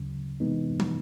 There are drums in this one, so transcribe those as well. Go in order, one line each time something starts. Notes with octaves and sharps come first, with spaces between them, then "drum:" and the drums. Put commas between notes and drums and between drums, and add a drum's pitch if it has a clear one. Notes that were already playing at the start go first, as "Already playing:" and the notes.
Already playing: D2 C#3 F#3
C3 E3 G#3 B3 D#4
drum: tom